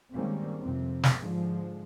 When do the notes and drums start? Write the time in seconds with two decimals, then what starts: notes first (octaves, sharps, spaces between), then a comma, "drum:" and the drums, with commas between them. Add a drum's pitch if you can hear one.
0.15 D#3 G3 G#3 A#3 C4 C#4
0.63 F2 C3 C4
1.03 drum: snare
1.20 G#2 D3 F3 G#3